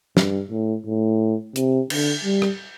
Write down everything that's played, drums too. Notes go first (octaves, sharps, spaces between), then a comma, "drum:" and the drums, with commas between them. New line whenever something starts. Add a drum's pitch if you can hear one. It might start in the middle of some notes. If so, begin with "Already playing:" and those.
G2, drum: snare
A2
A2
C3, drum: hi-hat
D3, drum: cymbal
G3
drum: rim click